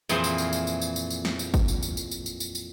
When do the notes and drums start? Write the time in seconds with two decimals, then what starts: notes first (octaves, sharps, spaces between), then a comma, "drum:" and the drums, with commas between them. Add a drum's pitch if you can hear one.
0.09 F2 A#2 E3 G#4 C5 C6, drum: tambourine
0.24 drum: tambourine
0.38 drum: tambourine
0.53 drum: tambourine
0.67 drum: tambourine
0.82 drum: tambourine
0.96 drum: tambourine
1.10 drum: tambourine
1.25 drum: snare
1.39 drum: tambourine
1.54 drum: kick, tambourine
1.68 drum: tambourine
1.83 drum: tambourine
1.97 drum: tambourine
2.11 drum: tambourine
2.26 drum: tambourine
2.40 drum: tambourine
2.55 drum: tambourine